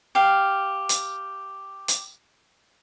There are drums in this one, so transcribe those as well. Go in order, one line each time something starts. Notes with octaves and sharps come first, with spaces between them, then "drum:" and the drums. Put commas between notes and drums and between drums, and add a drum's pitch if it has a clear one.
G4 F5
drum: hi-hat
drum: hi-hat